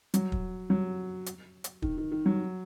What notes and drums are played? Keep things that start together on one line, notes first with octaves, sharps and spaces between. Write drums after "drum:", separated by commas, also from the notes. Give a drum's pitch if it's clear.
F#3, drum: hi-hat
drum: kick
F#3
drum: hi-hat
drum: hi-hat
D#3, drum: kick
D#3
D#3
F#3